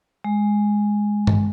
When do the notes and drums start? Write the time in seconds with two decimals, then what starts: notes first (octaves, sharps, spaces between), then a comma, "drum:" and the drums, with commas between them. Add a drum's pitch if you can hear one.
0.24 G#3
1.27 drum: tom G2